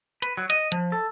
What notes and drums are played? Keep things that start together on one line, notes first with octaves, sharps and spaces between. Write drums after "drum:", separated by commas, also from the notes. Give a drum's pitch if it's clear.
B4, drum: hi-hat
F#3
D#5, drum: hi-hat
F3, drum: hi-hat
A4